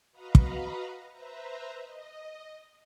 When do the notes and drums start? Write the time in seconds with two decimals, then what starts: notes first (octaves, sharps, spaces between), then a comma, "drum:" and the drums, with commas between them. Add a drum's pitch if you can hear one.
0.12 F#4 B4 D#5 F5 A#5 B5
0.35 drum: kick
1.10 B4 C5 E5 A#5
1.77 D#5